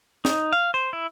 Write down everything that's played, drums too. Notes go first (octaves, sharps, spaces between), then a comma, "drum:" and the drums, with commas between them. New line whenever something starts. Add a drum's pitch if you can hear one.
D#4, drum: snare
F5
C5
E4